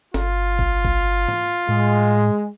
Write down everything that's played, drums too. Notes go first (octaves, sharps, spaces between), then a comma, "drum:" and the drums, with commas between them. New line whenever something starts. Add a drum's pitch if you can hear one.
G1 F4, drum: snare
drum: kick B1
drum: kick B1
drum: tom G#2
A2 G#3